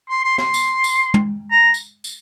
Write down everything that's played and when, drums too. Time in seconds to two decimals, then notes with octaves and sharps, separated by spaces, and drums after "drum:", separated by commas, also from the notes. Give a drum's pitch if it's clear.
0.09 C6
0.24 C6
0.38 C6, drum: snare
0.54 drum: tambourine
0.84 drum: tambourine
1.14 drum: tom
1.51 A#5
1.74 drum: tambourine
2.04 drum: tambourine